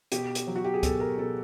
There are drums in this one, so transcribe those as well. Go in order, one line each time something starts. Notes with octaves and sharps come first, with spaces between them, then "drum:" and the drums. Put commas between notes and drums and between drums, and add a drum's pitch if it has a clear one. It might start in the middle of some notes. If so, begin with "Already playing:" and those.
B2 G4, drum: hi-hat
drum: hi-hat
F#3
F#4
G4
G#4
B2 A4, drum: kick C#2, hi-hat
A#4
B2 A4